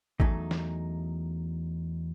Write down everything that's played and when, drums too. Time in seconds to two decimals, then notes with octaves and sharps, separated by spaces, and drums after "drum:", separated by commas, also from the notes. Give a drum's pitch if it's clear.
0.20 E2 F#3 A3 D#4, drum: kick G#1
0.51 drum: snare